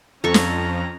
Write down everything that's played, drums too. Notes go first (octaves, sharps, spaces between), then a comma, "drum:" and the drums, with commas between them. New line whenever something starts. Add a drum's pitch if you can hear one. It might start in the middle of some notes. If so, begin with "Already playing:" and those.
F2 C#4 A4 A#5 C#6
drum: snare